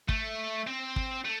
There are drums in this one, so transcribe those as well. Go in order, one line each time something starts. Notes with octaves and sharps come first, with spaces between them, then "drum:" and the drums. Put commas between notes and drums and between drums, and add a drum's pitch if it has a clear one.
A3, drum: kick
C4
drum: kick
A3